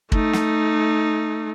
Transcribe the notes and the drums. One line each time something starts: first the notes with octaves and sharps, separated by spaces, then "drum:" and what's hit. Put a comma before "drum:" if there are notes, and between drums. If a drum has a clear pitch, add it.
A3 D#4, drum: kick
drum: snare